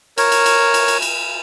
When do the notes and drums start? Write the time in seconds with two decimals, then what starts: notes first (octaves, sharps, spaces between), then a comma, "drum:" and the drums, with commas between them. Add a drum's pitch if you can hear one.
0.18 A#4 C#5, drum: cymbal
0.32 drum: cymbal
0.46 drum: cymbal
0.74 drum: cymbal
0.88 drum: cymbal
1.02 drum: cymbal